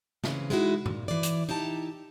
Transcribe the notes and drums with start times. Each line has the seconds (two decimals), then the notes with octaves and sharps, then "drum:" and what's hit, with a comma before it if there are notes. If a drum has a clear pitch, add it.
0.24 C#3 E3 C4, drum: snare
0.50 G#3 B3 D#4 E4 F#4
0.86 A#2, drum: tom G2
1.08 E3 D5
1.23 drum: hi-hat
1.49 D#4 E4 G4 A5